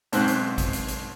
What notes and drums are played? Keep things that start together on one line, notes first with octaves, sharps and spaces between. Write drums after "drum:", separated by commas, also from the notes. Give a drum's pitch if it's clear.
B1 G#2 C4 C5 F#6, drum: hi-hat
drum: hi-hat
drum: kick A1, hi-hat
drum: hi-hat
drum: hi-hat